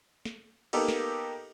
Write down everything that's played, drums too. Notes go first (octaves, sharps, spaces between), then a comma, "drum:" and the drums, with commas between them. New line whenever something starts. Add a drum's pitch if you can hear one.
drum: snare
A#3 B3 D#4 G4 A4 D#5, drum: cymbal
drum: snare